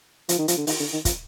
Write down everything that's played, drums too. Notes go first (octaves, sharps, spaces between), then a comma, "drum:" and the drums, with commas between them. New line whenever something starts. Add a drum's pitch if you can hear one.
F3, drum: hi-hat
D#3
F3, drum: hi-hat
D3
D#3, drum: open hi-hat
D3
D#3
F3, drum: kick, hi-hat